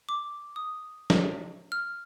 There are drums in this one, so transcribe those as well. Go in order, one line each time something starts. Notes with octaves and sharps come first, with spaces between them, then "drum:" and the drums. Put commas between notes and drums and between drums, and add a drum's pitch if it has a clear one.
D6
D#6
drum: snare
F6